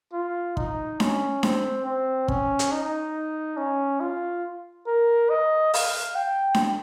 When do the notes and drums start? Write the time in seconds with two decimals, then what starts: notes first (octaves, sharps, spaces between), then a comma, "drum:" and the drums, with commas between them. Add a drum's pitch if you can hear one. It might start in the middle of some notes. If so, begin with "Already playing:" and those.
0.13 F4
0.57 D#4, drum: kick
1.00 C#4, drum: snare D4
1.43 C4, drum: snare D4
1.85 C4
2.28 C#4, drum: kick
2.59 drum: hi-hat
2.72 D#4
3.57 C#4
4.00 F4
4.87 A#4
5.30 D#5
5.74 F5, drum: open hi-hat
6.15 G5
6.54 drum: snare D4